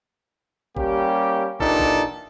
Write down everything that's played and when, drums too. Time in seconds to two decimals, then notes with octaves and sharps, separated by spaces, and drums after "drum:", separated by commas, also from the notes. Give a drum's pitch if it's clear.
0.77 G3 A#3 C#4 G4, drum: kick
1.60 A#2 E3 D4 D#4 G4 A4, drum: kick
1.79 drum: kick